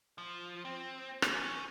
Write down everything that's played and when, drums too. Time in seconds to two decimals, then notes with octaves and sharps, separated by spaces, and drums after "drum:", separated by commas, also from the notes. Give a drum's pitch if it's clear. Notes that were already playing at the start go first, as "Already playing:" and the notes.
0.18 F3
0.65 C4
1.22 drum: rim click
1.33 C#4